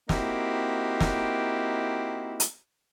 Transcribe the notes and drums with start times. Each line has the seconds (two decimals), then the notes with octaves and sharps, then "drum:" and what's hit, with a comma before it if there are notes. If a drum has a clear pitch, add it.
0.09 A#3 C4 D#4 E4 F#4 G4, drum: snare
1.00 drum: snare
2.40 drum: hi-hat